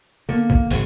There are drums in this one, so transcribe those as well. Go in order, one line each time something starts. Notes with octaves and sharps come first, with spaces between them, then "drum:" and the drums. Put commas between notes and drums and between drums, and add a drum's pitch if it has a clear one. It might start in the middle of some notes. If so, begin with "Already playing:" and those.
D3 A#3
drum: kick
G#1 C#3, drum: open hi-hat